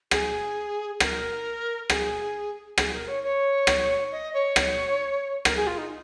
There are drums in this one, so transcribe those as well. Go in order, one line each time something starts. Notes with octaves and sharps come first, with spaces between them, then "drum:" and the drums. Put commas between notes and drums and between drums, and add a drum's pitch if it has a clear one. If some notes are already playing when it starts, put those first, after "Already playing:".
G#4, drum: rim click
A#4, drum: rim click
G#4, drum: rim click
G#4, drum: rim click
A#4
C#5
C#5
drum: rim click
D#5
C#5
drum: rim click
A#4, drum: rim click
G#4
F4
D#4